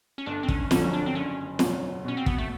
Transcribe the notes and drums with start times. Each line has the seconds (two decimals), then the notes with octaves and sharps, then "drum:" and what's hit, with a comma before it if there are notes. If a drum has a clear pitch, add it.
0.18 C#4
0.26 G1 D4
0.43 C4
0.48 C#4, drum: kick
0.71 F2 D3 F#3 C#4, drum: snare
0.93 D4
1.06 C4
1.15 F#1 C#4
1.59 E2 B2 F#3, drum: snare
2.05 B2 C#4
2.17 C4
2.26 B3, drum: kick
2.38 A3